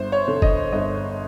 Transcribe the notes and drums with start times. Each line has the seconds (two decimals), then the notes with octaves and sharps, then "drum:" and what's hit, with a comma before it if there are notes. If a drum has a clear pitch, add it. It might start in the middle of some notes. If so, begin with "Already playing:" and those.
Already playing: G1 C5
0.12 C#5
0.28 D3
0.42 D#5, drum: kick F#1
0.72 G1 D#5